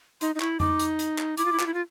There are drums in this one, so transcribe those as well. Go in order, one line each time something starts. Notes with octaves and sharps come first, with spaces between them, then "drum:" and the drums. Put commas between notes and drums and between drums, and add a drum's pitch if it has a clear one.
D#4 C6, drum: hi-hat
D#4
E4 C#6, drum: clap
D#4 D6, drum: tom F2
drum: hi-hat
drum: hi-hat
drum: clap
E4 D6, drum: hi-hat
F4
E4
F4, drum: clap
E4
F4